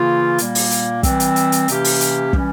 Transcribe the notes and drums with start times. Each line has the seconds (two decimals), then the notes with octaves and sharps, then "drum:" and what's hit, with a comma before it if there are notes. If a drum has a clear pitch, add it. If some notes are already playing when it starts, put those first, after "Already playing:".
Already playing: C#3 E3 A#3 F4
0.38 A#2 G3 A#3, drum: hi-hat
0.55 drum: open hi-hat
0.71 drum: hi-hat
1.03 E3 G3 C4, drum: kick, hi-hat
1.20 drum: hi-hat
1.36 drum: hi-hat
1.52 drum: hi-hat
1.68 C3 E3 A#3 C#4 G4, drum: hi-hat
1.84 drum: open hi-hat
2.01 drum: hi-hat
2.33 E3 G3 C#4, drum: kick